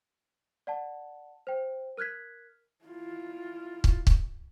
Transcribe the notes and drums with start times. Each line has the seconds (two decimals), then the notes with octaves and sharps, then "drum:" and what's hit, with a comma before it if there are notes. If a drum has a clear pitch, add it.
0.67 D5 F#5 A5
1.47 C5 G5
1.97 A#4 F6 F#6 G#6 B6
2.85 E4 F4
3.84 drum: kick
4.07 drum: kick